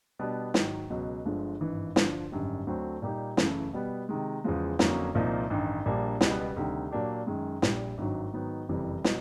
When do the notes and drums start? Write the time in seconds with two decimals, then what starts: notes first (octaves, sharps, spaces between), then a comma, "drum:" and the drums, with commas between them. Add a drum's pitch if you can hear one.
0.19 B2 G3 B3 D4
0.54 G#2 D#3 F#3, drum: snare
0.90 C#2 B2 F#3
1.25 G1 G2 D3 F3 G#3
1.61 G#1 G2 E3
1.96 G2 D3 F3, drum: snare
2.32 G#1 F#2 D3 G3
2.67 D2 D3 F#3 A3 C4
3.02 A#2 G3 A#3 D#4 G4
3.37 F#2 C#3 E3 A3, drum: snare
3.73 B2 G3 B3
4.09 C3 D#3 G#3
4.44 E2 C#3 F3 G#3
4.79 F2 D3 F#3 A#3 C#4, drum: snare
5.15 C2 A#2 F3 A#3 D#4
5.50 A1 G2 D#3
5.86 A#1 A#2 G3 A#3 D4
6.21 C#2 B2 G3 B3, drum: snare
6.56 D2 C3 D#3 G3
6.91 A#2 F#3 A#3 D4 G4
7.27 F#2 D#3 G#3
7.62 A#1 A#2 G3, drum: snare
7.98 G#1 G2 D#3 F#3
8.33 G#2 D#3 F#3 B3 D#4
8.69 F#1 F2 C3 E3 G3
9.04 B2 F#3, drum: snare